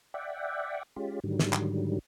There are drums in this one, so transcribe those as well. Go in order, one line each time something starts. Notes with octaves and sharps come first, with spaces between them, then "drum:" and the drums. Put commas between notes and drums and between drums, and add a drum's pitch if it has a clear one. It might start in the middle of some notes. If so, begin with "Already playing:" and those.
D5 E5 F#5 G5
G#3 C#4 F4 G4
G#2 D3 D#3 F#3 G3
drum: snare
drum: clap